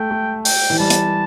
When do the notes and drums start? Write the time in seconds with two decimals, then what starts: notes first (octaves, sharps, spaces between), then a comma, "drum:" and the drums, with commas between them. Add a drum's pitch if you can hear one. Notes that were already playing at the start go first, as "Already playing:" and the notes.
Already playing: A3 G5
0.11 A3
0.45 G5, drum: open hi-hat
0.70 E3
0.79 G3 A5
0.90 drum: hi-hat